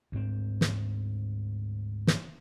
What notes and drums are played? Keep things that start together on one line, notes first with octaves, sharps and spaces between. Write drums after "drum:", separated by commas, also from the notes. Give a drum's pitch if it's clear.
D2 G#2 C4
drum: snare
drum: snare